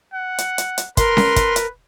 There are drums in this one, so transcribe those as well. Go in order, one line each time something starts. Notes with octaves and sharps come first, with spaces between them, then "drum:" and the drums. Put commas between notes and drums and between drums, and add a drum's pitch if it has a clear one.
F#5
drum: hi-hat
drum: hi-hat
drum: hi-hat
A#4 B4 C6, drum: kick, hi-hat
drum: snare C#4
drum: kick, hi-hat
drum: hi-hat